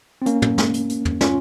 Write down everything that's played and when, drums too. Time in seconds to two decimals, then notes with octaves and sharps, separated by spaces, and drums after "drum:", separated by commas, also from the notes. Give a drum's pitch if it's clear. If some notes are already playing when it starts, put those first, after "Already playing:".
0.22 C4
0.26 A#3 C#4, drum: hi-hat
0.42 drum: tom
0.58 drum: snare
0.74 drum: hi-hat
0.89 drum: hi-hat
1.05 drum: tom
1.21 C#4 F4, drum: snare